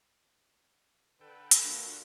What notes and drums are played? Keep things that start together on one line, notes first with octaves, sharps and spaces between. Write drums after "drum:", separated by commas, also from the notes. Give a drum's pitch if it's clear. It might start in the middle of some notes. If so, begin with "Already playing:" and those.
D3 A4 B4 G5
drum: hi-hat
A#3 D4 F4 F#4